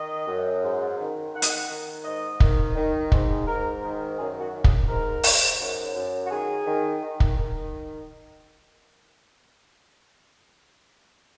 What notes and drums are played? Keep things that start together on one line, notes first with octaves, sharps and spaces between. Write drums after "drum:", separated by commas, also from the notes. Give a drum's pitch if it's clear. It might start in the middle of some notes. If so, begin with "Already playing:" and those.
Already playing: D#3 D#5
F#2
G#2
D#3
D#3 F#5
D#5, drum: hi-hat
F#5
D#3
G#2 D#5
D#3, drum: kick
D#3
G#2, drum: kick
G#2 A#4
D#3
F#2 G#4
F#4
D#3
G#4, drum: kick
G#2 A#4
G#2, drum: open hi-hat
F#2
F#2
F#4
D#3 G#4
D#3
D#3
drum: kick
D#3